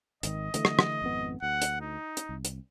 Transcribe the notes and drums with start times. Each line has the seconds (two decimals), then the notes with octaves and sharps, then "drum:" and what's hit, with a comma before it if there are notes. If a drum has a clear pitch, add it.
0.23 G#1 D#3 D#5, drum: hi-hat
0.54 D3 E3 A3, drum: hi-hat
0.65 drum: rim click
0.79 drum: rim click
1.02 G#1 F2 B3
1.42 D2 F#5
1.62 drum: hi-hat
1.81 D#4
2.17 drum: hi-hat
2.29 C2
2.45 drum: hi-hat